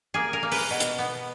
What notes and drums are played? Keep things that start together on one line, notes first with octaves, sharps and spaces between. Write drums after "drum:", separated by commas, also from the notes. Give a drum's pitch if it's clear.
A#3 G#4
A#4
A#3
B4, drum: open hi-hat
B2
drum: hi-hat
B3